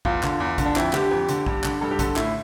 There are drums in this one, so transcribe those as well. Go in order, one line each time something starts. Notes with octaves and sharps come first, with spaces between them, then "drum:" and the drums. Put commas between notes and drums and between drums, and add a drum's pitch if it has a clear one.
E2 F4, drum: kick A#1
D3, drum: clap
E2
D3, drum: kick A#1, hi-hat
D4
F2 E4, drum: clap
D3 G4, drum: clap
F2
D3, drum: hi-hat
G2, drum: kick A#1
D3, drum: clap
G2 A4
G4
D3 A4, drum: kick A#1, hi-hat
A2 E4, drum: clap